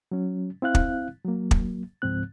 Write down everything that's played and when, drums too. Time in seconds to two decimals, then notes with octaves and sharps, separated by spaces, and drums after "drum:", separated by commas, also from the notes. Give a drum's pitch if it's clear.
0.11 F#3 C#4
0.62 C4 E4 F5 F#6
0.75 drum: kick
1.25 F#3 A#3
1.51 drum: kick
2.02 C#2 G#2 F3 C4 F#6